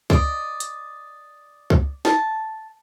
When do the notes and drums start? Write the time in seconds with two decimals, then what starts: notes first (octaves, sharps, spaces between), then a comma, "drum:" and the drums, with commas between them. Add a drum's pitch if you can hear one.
0.10 D5 D#5, drum: kick C#2
0.60 drum: hi-hat
1.70 drum: kick C#2
2.05 A5, drum: snare